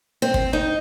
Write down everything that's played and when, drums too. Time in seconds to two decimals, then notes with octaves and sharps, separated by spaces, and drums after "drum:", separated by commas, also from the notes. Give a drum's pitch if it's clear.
0.22 C4
0.34 drum: kick
0.53 D#4